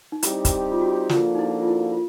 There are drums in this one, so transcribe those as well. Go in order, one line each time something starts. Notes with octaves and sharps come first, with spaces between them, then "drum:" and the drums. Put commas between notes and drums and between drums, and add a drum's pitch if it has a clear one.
D#4
G3 C4 D#4 E4 G4, drum: hi-hat
drum: kick, hi-hat
F4
F#4
F3 A#3 D4 F4 F#4 A4, drum: snare
D#4
E4
F4
E4
F4